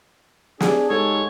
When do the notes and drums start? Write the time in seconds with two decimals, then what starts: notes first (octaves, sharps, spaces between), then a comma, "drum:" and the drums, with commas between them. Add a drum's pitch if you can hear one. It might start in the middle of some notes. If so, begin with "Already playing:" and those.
0.60 D4 G#4, drum: snare
0.90 G#2 G#3 D#4 G4 A4 C#5